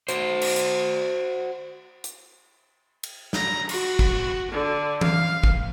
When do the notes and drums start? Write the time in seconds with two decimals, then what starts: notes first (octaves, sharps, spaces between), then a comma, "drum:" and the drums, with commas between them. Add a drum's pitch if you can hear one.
0.09 F#4 C5, drum: hi-hat
0.42 drum: cymbal
0.56 drum: hi-hat
2.04 drum: hi-hat
3.03 drum: cymbal
3.33 A#5, drum: snare
3.69 F#4, drum: cymbal
3.99 drum: kick
4.50 D3
5.01 F5, drum: tom E3
5.44 drum: kick